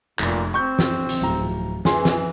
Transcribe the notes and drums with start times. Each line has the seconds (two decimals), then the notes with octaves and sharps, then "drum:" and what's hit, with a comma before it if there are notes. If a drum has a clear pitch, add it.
0.19 F1 A#2, drum: clap
0.54 C4 C#6 G6
0.79 drum: snare
1.09 drum: hi-hat
1.22 D1 A#5
1.85 E3 G#4 C6, drum: snare
2.05 drum: snare